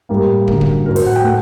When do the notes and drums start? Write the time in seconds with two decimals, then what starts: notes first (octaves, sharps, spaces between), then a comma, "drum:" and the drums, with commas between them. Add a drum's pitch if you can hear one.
0.09 A2 G3 A#3 A#4
0.48 F#2 D3 G3 A#3, drum: kick
0.61 drum: kick
0.86 A2 F#3 A3 A#4
0.96 C5, drum: open hi-hat
1.06 F#5
1.16 G5
1.24 A3 F#5